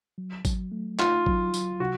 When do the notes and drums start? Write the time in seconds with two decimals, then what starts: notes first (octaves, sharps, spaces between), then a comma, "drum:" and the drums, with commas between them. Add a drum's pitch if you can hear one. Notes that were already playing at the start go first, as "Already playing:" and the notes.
0.18 F#3
0.45 F#3, drum: kick G#1, tambourine
0.72 A3
0.99 D#4 F4, drum: clap
1.26 F#3, drum: kick G#1
1.54 F#3, drum: tambourine
1.80 C3 F#4